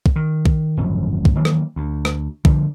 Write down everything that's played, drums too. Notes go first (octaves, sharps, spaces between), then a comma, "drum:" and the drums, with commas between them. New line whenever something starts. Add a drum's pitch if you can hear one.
drum: kick
D#3
drum: kick
D1 G#1 F#2 F3
drum: kick
D#3 E3 F#3 A#3
drum: rim click
D2
drum: rim click
D3 F3 G3, drum: kick